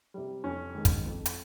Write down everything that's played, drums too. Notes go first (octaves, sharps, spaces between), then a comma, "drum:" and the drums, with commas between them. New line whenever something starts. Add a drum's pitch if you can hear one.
C3 G3
F2 C#4
D#3 G#3
drum: kick, hi-hat
F2
drum: hi-hat